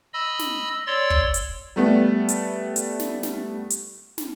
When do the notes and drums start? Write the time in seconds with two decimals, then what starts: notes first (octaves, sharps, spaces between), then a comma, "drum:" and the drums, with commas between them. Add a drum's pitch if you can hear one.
0.14 D#5 B5 E6
0.39 drum: snare
0.87 C#5 D5 C6 E6 A6
1.10 drum: kick
1.34 drum: hi-hat
1.76 G3 A3 B3
2.29 drum: hi-hat
2.76 drum: hi-hat
2.99 drum: snare
3.23 drum: snare
3.70 drum: hi-hat
4.18 drum: snare